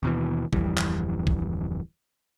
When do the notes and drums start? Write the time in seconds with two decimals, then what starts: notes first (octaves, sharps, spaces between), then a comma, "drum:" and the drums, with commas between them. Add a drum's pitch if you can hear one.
0.03 D#2 B2 E3
0.53 D1 F2 E3 G3, drum: kick
0.77 drum: clap
1.27 drum: kick